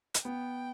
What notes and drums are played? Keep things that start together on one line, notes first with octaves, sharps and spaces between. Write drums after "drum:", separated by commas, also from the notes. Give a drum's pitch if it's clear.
drum: hi-hat
B3 G5